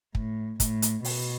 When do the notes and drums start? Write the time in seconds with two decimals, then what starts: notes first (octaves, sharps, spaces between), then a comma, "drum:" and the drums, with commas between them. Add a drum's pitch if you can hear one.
0.15 A2, drum: kick
0.60 A2, drum: kick, hi-hat
0.82 drum: hi-hat
1.04 B2, drum: open hi-hat